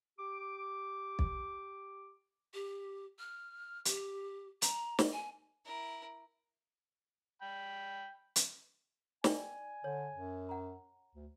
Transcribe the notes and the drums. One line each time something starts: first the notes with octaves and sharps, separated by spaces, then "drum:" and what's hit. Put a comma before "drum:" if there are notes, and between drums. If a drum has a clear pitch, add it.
G4 D6
drum: kick
G4
F6
G4, drum: hi-hat
A#5, drum: hi-hat
drum: snare
G#5
E4 A#4
G5 B5
drum: hi-hat
D5 G5 G#5, drum: snare
D3 C#5
F#2
F#5 A#5
D2